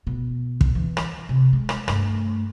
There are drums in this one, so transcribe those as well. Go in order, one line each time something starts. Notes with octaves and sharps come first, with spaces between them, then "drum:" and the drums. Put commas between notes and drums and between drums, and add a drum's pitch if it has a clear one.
B2 B3
drum: kick
E3
drum: rim click
C3
G#3
drum: rim click
G2 A3, drum: rim click